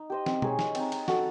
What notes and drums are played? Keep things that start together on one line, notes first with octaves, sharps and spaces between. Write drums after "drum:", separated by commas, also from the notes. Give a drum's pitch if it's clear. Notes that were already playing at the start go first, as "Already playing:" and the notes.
Already playing: D#4
G4 C5 D#5
C4, drum: snare
D#4 G#4 C#5, drum: tom B2
G#3, drum: snare
C4 D#4, drum: cymbal
D#4, drum: cymbal
F#4 A4, drum: snare